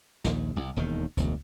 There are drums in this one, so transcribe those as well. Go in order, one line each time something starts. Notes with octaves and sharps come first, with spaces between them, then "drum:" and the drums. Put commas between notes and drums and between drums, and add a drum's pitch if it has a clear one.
A#1 D#2, drum: snare
C2
E1 D#2 D#3
E1 D2, drum: kick C#2, hi-hat